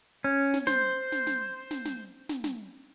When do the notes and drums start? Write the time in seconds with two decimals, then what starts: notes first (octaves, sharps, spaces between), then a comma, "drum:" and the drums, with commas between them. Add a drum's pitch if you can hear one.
0.24 C#4
0.54 drum: snare
0.67 C5, drum: snare
1.12 drum: snare
1.27 drum: snare
1.71 drum: snare
1.85 drum: snare
2.29 drum: snare
2.44 drum: snare